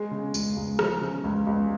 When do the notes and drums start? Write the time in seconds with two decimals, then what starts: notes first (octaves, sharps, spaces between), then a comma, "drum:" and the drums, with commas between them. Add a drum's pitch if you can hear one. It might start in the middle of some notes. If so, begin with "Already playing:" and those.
Already playing: G#3
0.11 C#3
0.34 C#2, drum: tambourine
0.56 C#2
0.79 F3, drum: rim click
1.01 C#3
1.24 C#2
1.47 C#2